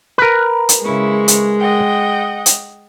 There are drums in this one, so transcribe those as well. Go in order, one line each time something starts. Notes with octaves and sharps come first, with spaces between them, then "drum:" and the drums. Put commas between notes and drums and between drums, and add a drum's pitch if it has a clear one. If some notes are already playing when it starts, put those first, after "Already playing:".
A#4 B4
drum: hi-hat
C#3 G#3 E4 C#6
drum: hi-hat
D#5 F#5 G5
drum: hi-hat